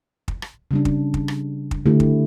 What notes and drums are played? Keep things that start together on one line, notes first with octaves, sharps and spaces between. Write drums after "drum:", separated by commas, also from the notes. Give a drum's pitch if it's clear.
drum: kick
drum: rim click
C#3 G3 D4
drum: kick
drum: kick
drum: rim click
drum: kick
D3 A3 E4 G4
drum: kick